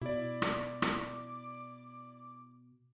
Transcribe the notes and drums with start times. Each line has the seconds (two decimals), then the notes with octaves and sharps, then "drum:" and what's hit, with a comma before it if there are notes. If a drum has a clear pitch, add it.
0.02 B2 E4 D5 D6
0.42 drum: rim click
0.82 drum: rim click